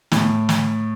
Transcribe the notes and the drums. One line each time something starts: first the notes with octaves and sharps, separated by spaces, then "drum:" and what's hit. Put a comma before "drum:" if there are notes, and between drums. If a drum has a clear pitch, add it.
A2, drum: snare
drum: snare